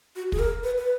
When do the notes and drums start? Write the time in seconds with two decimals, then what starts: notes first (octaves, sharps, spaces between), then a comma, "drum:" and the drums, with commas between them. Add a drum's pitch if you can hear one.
0.16 F#4
0.32 G#4, drum: kick
0.39 A#4
0.64 B4
0.78 B4